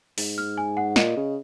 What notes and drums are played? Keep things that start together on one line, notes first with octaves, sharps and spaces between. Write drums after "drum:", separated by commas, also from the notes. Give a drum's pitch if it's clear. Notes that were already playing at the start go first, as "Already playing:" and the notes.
G#2, drum: open hi-hat
F6
G#5
F#5
A#2 D#5, drum: snare
C#3